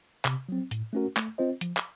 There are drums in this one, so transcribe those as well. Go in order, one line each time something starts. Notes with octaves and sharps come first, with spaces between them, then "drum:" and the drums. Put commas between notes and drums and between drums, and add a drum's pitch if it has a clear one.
C3, drum: clap
F#3 C4
A2, drum: hi-hat
A3 C#4 F#4 A#4
A3, drum: clap
C4 F4 C5 D#5
F3, drum: hi-hat
drum: clap